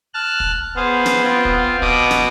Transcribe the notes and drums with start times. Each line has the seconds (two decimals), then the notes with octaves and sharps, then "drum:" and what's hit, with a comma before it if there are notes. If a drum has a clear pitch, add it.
0.14 A5 F6 F#6
0.40 drum: kick
0.76 B3 G#4 C5 F5
1.06 drum: snare
1.24 C4 F4
1.45 drum: kick
1.82 B2 D6 D#6, drum: kick
2.11 drum: snare